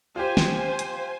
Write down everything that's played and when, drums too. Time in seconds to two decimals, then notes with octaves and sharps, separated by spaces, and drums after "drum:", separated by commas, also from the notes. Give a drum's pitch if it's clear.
0.16 F4 G4 C5 G#5
0.37 drum: snare
0.79 drum: hi-hat